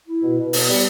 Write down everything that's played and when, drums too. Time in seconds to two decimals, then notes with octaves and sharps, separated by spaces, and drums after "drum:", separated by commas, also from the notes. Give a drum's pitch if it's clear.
0.08 E4
0.23 B2
0.39 B2
0.53 B3, drum: open hi-hat
0.68 G3